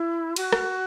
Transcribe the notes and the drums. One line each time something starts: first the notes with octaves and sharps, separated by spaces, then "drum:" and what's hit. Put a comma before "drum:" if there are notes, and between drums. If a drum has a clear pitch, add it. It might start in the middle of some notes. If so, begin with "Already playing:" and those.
Already playing: E4
F#4, drum: cymbal
drum: rim click